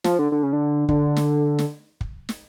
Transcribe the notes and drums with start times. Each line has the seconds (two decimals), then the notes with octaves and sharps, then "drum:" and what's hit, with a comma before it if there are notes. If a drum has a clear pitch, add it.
0.04 F3, drum: snare
0.19 D3
0.32 D3
0.43 C#3
0.53 D3
0.89 D3, drum: kick
1.16 drum: snare
1.59 drum: snare
2.01 drum: kick
2.29 drum: snare